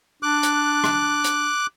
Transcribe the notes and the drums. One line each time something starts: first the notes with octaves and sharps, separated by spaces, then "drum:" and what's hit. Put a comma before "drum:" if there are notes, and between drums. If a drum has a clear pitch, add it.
D4 D6 F#6
drum: hi-hat
drum: rim click
drum: hi-hat